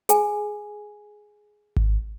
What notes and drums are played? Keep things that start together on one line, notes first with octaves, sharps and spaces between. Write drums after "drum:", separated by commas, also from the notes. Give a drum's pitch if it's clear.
G#4 G#5, drum: hi-hat
drum: kick G#1